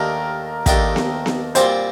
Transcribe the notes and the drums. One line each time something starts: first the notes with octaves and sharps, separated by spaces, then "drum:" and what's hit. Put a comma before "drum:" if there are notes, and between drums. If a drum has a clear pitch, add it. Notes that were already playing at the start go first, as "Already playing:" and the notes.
Already playing: D#2 D#3 A3 D4 G4 A#4
D#2 D#3 A3 D4 G4, drum: kick, hi-hat
drum: snare B3
drum: snare B3
A#2 G3 C4 G4 C5, drum: hi-hat